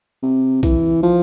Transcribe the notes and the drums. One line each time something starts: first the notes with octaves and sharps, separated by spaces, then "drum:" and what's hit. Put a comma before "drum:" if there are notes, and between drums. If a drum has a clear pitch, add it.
C3
E3, drum: kick, hi-hat
F3